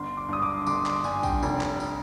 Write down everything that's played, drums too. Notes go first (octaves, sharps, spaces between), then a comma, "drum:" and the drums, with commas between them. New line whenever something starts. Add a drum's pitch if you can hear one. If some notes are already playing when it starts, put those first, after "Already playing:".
Already playing: G1 C6
D6
G2 D#6
D6
C6
G1 D6, drum: tambourine
C6, drum: clap
G2 G#5, drum: tambourine
G5, drum: kick, tambourine
F1, drum: tambourine
drum: clap
drum: tambourine